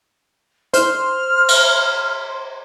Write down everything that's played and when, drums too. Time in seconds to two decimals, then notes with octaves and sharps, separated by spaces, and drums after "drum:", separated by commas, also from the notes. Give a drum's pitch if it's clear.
0.74 C5 F6, drum: hi-hat
1.48 drum: cymbal